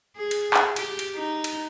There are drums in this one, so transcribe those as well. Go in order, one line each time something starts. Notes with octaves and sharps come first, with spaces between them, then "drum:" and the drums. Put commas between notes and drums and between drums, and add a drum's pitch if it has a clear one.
G#4
drum: cymbal
drum: clap
G4, drum: cymbal
drum: cymbal
D#4
drum: cymbal